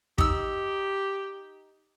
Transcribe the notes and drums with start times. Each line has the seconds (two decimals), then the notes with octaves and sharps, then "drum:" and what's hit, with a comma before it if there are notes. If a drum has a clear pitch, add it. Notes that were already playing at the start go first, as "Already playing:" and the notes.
0.18 D#4 G4 E6, drum: kick